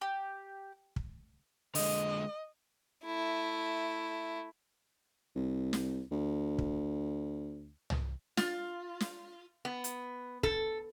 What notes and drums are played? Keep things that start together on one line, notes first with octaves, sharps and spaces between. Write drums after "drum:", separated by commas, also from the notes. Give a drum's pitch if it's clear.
G4
drum: kick
D3 G#3 D#5, drum: open hi-hat
A3 E4
C2
drum: snare
D2
drum: kick
drum: tom
F4, drum: snare
drum: snare
B3
drum: hi-hat
A4, drum: kick